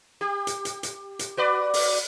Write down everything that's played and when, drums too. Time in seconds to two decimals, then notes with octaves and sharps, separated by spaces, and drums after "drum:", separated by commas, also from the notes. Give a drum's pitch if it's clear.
0.21 G4
0.47 drum: hi-hat
0.65 drum: hi-hat
0.83 drum: hi-hat
1.19 drum: hi-hat
1.37 F#4 B4 D5
1.74 drum: open hi-hat